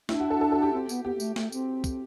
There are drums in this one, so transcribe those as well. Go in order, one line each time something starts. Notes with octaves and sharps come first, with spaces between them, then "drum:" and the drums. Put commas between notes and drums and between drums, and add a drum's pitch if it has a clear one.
D4 E4, drum: snare
F#4
A4
A4
A4
G4
C4
B3, drum: tambourine
B3 G4
B3
A3, drum: tambourine
A3, drum: snare
C4, drum: tambourine
drum: kick, tambourine